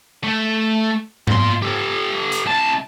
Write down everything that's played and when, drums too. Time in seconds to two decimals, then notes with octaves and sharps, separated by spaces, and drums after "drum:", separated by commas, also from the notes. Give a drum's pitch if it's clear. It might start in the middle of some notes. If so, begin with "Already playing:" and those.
0.23 A3
1.27 A#2 C6, drum: tom G#2
1.62 G4 A4
2.32 drum: hi-hat
2.46 C2 A5